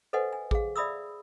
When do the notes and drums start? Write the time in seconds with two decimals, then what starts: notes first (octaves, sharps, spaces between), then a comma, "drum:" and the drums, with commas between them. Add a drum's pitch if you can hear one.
0.13 A4 B4 C5 D#5 F#5 G#5
0.33 G#5
0.51 G#4 F5, drum: kick A1
0.76 D5 E5 B5 D#6 E6